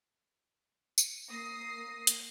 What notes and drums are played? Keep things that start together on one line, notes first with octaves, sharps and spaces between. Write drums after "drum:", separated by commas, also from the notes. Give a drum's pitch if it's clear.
drum: tambourine
A#3 D#6 A#6 C7
drum: hi-hat